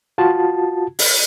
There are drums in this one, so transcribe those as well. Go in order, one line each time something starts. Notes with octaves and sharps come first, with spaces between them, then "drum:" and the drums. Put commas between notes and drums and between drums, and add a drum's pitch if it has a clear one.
F4 F#4 A5
drum: open hi-hat